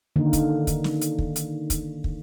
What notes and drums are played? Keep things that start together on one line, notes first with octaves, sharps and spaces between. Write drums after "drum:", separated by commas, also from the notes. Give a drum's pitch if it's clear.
D3 D#3 A#3 D#4
drum: kick, hi-hat
drum: kick, hi-hat
drum: snare
drum: hi-hat
drum: kick
drum: hi-hat
drum: kick, hi-hat
drum: kick